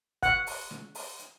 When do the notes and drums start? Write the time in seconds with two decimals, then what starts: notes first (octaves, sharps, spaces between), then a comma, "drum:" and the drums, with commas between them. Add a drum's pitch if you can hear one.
0.23 F#5, drum: kick, hi-hat
0.47 drum: open hi-hat
0.71 drum: snare
0.95 drum: open hi-hat
1.19 drum: hi-hat